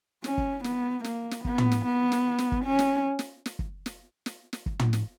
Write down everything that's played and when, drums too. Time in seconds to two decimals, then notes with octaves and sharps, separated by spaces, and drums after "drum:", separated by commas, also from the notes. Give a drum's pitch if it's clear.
0.24 C#4, drum: snare
0.38 drum: kick
0.64 B3, drum: snare
1.04 A#3, drum: snare
1.31 drum: snare
1.45 B3, drum: kick
1.58 drum: tom
1.72 drum: snare
1.85 B3
2.12 drum: snare
2.38 drum: snare
2.52 drum: kick
2.65 C#4
2.79 drum: snare
3.19 drum: snare
3.46 drum: snare
3.59 drum: kick
3.86 drum: snare
4.26 drum: snare
4.53 drum: snare
4.66 drum: kick
4.79 drum: tom
4.93 drum: snare